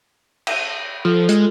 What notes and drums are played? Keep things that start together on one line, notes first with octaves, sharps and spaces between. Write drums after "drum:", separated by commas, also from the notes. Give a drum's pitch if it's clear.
drum: cymbal
F3 F4 A4
G#3, drum: hi-hat